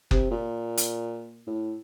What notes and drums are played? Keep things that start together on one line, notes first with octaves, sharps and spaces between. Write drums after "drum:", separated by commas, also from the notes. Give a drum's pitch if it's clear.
C3, drum: kick F#1
A#2
drum: hi-hat
A2